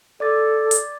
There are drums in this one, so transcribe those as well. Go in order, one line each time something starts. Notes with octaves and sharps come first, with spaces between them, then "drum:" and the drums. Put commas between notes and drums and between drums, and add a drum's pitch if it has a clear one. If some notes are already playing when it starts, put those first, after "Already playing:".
A4 D5 D6 A6
drum: hi-hat